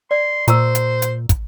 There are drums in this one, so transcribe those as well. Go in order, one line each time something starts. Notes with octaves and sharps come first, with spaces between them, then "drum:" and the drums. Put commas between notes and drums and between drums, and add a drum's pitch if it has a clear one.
D5 C6
A#2 C5 A#5 C#6 E6, drum: hi-hat
drum: hi-hat
drum: hi-hat
drum: kick, hi-hat